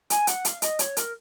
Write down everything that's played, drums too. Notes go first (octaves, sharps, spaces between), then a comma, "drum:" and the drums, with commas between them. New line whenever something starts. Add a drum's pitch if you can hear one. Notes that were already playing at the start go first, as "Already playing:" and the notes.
G#5, drum: hi-hat
F#5, drum: hi-hat
F5, drum: hi-hat
D#5, drum: hi-hat
C#5, drum: hi-hat
A#4, drum: hi-hat